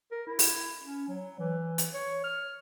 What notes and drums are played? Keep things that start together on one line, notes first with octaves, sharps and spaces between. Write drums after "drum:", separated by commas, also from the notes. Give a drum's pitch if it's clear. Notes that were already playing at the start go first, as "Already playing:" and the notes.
A#4
E4
drum: open hi-hat
C#4
F#3
E3
drum: hi-hat
C#5
F6